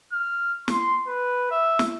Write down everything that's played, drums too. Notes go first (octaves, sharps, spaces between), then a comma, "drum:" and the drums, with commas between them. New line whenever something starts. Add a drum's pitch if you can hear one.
F6
C6, drum: snare
B4
E5
drum: snare